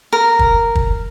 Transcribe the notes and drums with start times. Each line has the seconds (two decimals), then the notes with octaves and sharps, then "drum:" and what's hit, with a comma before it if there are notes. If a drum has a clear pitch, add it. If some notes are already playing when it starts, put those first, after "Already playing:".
0.13 A#4
0.39 drum: kick
0.75 drum: kick